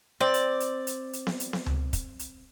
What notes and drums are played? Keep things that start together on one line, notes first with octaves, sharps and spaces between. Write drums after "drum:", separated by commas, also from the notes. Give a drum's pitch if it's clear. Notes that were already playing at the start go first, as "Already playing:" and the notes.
C4 D5
drum: hi-hat
drum: hi-hat
drum: hi-hat
drum: hi-hat
drum: snare B3
drum: hi-hat
drum: snare B3
drum: tom C#2
drum: kick, hi-hat
drum: hi-hat